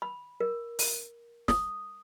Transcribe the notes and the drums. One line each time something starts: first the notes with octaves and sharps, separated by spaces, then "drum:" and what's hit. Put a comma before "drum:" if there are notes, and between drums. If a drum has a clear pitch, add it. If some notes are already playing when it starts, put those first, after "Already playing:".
B5
A#4
drum: open hi-hat
D#6, drum: snare